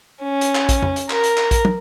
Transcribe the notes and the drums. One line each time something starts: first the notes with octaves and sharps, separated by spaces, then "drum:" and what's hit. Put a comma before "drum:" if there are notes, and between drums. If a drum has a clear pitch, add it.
C#4
drum: hi-hat
drum: clap
drum: kick A#1, hi-hat
drum: tom F2
drum: hi-hat
A#4, drum: clap
drum: hi-hat
drum: clap
drum: kick A#1, hi-hat
drum: tom